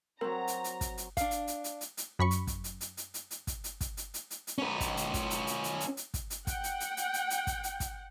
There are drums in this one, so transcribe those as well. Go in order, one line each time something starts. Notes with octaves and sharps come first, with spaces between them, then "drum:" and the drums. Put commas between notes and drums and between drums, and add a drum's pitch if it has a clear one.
F#3 C4 A#4 A#5
drum: hi-hat
drum: hi-hat
drum: kick, hi-hat
drum: hi-hat
D4 F5, drum: kick, hi-hat
drum: hi-hat
drum: hi-hat
drum: hi-hat
drum: hi-hat
drum: hi-hat
F#2 B5 C#6
drum: hi-hat
drum: kick, hi-hat
drum: hi-hat
drum: hi-hat
drum: hi-hat
drum: hi-hat
drum: hi-hat
drum: kick, hi-hat
drum: hi-hat
drum: kick, hi-hat
drum: hi-hat
drum: hi-hat
drum: hi-hat
drum: hi-hat
C#4 B4
drum: kick, hi-hat
drum: hi-hat
drum: kick, hi-hat
drum: hi-hat
drum: hi-hat
drum: hi-hat
drum: hi-hat
drum: hi-hat
drum: kick, hi-hat
drum: hi-hat
F#5 G5, drum: kick, hi-hat
drum: hi-hat
drum: hi-hat
drum: hi-hat
drum: hi-hat
drum: hi-hat
drum: kick, hi-hat
drum: hi-hat
drum: kick, hi-hat